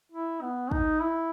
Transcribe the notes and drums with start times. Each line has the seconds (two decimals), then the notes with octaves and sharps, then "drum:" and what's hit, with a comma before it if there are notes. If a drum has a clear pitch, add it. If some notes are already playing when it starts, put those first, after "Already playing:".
0.12 E4
0.42 B3
0.71 D#4, drum: kick
1.02 E4